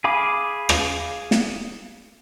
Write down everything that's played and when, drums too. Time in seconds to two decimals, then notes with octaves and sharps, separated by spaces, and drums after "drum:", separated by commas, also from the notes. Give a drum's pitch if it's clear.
0.04 G#4 F5 B5 D6
0.69 drum: rim click
1.31 drum: snare